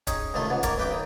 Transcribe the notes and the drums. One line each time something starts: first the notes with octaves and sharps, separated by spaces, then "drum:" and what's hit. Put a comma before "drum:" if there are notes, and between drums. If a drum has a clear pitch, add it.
C#4 D#4 G#4, drum: kick D1, hi-hat
C#2 C3 D#3 A3 F4 C6
C#2 G#2 B3
A#3 A#4 C#5 D5 F5, drum: kick D1, hi-hat
B1 C4 B4 G5 D6
D#2 D#6